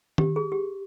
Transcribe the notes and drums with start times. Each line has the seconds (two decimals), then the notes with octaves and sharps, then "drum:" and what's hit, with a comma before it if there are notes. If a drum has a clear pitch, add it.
0.18 G4, drum: tom D#3
0.36 G#4
0.52 G4